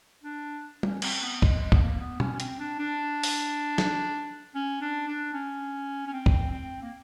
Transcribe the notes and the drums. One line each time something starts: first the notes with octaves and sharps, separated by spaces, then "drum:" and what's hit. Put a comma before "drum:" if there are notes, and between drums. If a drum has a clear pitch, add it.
D4
C#4, drum: tom
C4, drum: cymbal
B3
G#3, drum: kick
G#3
B3, drum: kick
A#3
B3
C#4, drum: tom B2
C#4
C4, drum: hi-hat
D4
D4
drum: open hi-hat
drum: snare
C#4
D4
D4
C#4
C#4
C4
drum: kick
C4
A#3